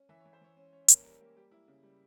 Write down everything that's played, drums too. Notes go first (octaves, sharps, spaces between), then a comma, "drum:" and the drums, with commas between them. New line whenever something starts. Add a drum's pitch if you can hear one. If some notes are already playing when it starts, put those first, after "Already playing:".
Already playing: C#4
E3 E5
E3 C#5
C5
E3 C#5
C#4
C#4 C#5
A#3 A#4, drum: hi-hat
G3 A#4
A#3 G4
G3 G4
A#3 E4
C#3
G3